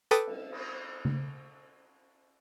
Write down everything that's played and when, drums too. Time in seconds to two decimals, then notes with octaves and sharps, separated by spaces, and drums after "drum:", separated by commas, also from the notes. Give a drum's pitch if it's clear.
0.11 A4 B4 G5 D6 D#6, drum: hi-hat
0.27 drum: cymbal
0.52 drum: cymbal
1.05 drum: tom C#3